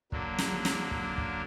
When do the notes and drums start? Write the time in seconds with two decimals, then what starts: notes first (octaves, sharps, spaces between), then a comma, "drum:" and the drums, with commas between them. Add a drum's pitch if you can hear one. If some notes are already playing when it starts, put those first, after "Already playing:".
0.12 D3 F#3 A#3, drum: kick
0.38 drum: snare
0.65 drum: snare
0.91 drum: kick
1.18 drum: kick